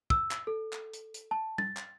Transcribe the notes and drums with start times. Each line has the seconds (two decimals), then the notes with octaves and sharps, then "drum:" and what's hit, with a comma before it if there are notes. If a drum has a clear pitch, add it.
0.10 E6, drum: kick
0.31 drum: clap
0.47 A4
0.73 drum: clap
0.94 drum: hi-hat
1.14 drum: hi-hat
1.31 A5
1.58 A6, drum: tom G3
1.77 drum: clap